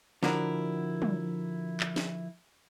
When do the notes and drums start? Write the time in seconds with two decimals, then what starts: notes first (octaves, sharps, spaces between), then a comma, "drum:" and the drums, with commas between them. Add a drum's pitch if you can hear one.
0.23 D3 F3 D4 E4 F#4 A#4, drum: snare
1.02 drum: tom
1.80 drum: clap
1.96 drum: snare